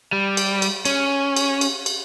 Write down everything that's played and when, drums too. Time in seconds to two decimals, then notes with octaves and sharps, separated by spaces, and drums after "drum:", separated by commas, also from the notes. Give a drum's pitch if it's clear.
0.13 G3
0.37 drum: cymbal
0.62 drum: cymbal
0.85 C#4, drum: cymbal
1.37 drum: cymbal
1.61 drum: cymbal
1.86 drum: cymbal